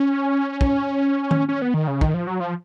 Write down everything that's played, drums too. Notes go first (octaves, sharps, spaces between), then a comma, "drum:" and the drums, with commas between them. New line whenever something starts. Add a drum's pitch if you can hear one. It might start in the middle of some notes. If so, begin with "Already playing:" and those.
Already playing: C#4
drum: kick
drum: tom D#3
C#4
B3
D#3
C#3
D#3, drum: kick
F3
F#3
F3